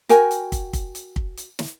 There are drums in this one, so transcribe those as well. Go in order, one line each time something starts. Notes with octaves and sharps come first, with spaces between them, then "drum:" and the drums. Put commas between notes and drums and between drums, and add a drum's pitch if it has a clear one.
F#4 A#4 G5 G#5, drum: hi-hat
drum: hi-hat
drum: kick, hi-hat
drum: kick, hi-hat
drum: hi-hat
drum: kick
drum: hi-hat
drum: snare